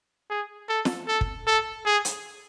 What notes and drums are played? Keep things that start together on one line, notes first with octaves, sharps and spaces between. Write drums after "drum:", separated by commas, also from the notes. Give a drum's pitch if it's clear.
G#4
A4
drum: snare
A4
drum: kick
A4
G#4
drum: hi-hat